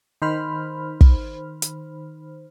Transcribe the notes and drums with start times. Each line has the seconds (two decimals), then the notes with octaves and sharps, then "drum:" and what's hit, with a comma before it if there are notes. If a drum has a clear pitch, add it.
0.22 D#3 C5 B5 F6
1.01 drum: kick
1.62 drum: hi-hat